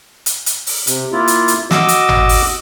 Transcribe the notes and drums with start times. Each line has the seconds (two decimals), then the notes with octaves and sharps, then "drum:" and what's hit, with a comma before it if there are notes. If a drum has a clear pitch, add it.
0.26 drum: hi-hat
0.46 drum: hi-hat
0.67 drum: open hi-hat
0.87 C3, drum: hi-hat
1.12 A#3 E4 F4
1.28 drum: hi-hat
1.48 drum: hi-hat
1.71 F#4 D#5 D6 E6, drum: snare
1.88 drum: hi-hat
2.09 drum: tom G#1
2.29 drum: open hi-hat